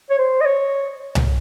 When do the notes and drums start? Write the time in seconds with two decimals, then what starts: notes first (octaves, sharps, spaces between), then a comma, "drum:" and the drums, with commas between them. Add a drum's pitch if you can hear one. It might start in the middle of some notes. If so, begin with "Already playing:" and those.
0.10 C#5
0.19 C5
0.41 D#5
0.45 C#5
1.15 drum: tom C2